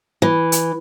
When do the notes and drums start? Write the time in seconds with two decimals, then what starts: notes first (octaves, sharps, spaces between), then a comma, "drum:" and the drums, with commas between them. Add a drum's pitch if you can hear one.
0.22 E3
0.52 drum: hi-hat